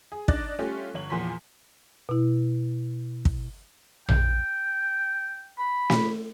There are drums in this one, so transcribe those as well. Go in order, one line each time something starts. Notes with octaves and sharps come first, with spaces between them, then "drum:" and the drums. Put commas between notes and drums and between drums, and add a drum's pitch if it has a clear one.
G#4
D4 D#4 D6 F#6 A6 A#6, drum: kick
G3 A3 C#4 F4 G4
G1 C#5 F#7
E2 A#2 F3 G#5 C6 B6
B2 E4
drum: kick
G5, drum: tom A#1
B5
drum: snare